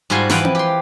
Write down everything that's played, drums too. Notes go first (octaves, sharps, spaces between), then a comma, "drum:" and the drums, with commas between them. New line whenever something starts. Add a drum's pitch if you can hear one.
G#2 G3 F4 F#4 G#5 C6
E3 F3 F4 B4 F#5 G5, drum: snare
drum: tom C4
G4 C6